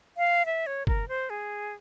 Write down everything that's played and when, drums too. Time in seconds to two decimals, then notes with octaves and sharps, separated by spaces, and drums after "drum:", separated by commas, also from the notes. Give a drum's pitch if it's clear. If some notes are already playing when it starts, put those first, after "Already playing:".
0.17 F5
0.46 E5
0.67 C#5
0.87 A#4, drum: kick F#1
1.08 C5
1.30 G#4